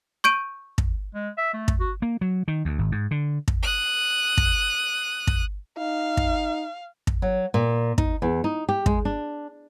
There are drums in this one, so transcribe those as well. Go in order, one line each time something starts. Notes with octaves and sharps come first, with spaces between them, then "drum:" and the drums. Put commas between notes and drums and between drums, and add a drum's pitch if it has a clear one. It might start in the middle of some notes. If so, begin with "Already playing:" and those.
C#6 G6 D7 D#7
drum: kick
G#3
E5
A3
drum: kick
F#4
A#3
F#3
D#3
D2
G#1
G#2
D3
drum: kick
D#6 F#6
drum: kick
drum: kick
D#4 F5
drum: kick
drum: kick
F#3
A#2
D#4, drum: kick
E2
D#4
G4
G#3, drum: kick
D4